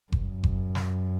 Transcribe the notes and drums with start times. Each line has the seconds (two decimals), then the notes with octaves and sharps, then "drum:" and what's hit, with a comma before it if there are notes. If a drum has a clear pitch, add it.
0.12 F#2, drum: kick F#1
0.44 drum: kick F#1
0.75 drum: snare